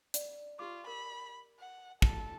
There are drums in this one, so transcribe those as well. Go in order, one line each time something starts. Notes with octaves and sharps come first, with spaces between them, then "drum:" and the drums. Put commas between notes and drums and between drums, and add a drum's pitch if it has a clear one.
D5, drum: hi-hat
F4 G4 D6
A#4 B5
F#5
A4, drum: kick